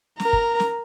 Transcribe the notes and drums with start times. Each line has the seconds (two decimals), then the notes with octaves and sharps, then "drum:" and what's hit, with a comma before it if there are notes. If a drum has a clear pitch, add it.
0.20 A#4 A#5, drum: snare
0.33 drum: kick
0.60 drum: snare